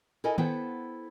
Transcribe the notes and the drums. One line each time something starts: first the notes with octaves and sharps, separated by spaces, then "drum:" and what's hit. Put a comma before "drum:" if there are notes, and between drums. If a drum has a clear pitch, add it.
E4 A4 A#4 D#5 G#5
B3 E4 A4 C5 F#5 G5, drum: tom D#3